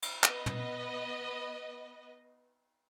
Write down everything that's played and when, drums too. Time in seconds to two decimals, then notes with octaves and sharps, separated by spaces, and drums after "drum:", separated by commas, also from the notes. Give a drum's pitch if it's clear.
0.02 drum: cymbal
0.23 B3 B4 D#5, drum: clap
0.46 drum: tom